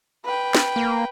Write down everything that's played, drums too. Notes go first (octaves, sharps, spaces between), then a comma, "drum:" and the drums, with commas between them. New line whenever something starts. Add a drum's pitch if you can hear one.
B4 G5
drum: snare
A#3